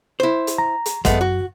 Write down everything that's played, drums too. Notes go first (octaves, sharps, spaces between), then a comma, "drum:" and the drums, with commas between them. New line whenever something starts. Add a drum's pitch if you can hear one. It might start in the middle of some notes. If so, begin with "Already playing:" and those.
E4 C5
drum: hi-hat
A#5
drum: hi-hat
F#2 G#3 A3 B3 F#5, drum: kick, hi-hat
F#4